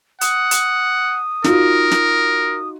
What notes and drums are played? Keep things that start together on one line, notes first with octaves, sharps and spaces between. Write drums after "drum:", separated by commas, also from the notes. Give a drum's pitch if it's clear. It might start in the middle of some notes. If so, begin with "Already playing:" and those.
F#5 D#6, drum: hi-hat
drum: hi-hat
D#4 F4 F#4 A#4, drum: snare
drum: snare